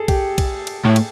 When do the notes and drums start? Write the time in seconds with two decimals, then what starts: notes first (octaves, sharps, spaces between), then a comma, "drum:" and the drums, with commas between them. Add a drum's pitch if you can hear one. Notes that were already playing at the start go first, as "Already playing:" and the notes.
Already playing: G#4 A4
0.08 G4, drum: kick, cymbal
0.38 drum: kick, cymbal
0.67 drum: cymbal
0.85 A2
0.96 drum: cymbal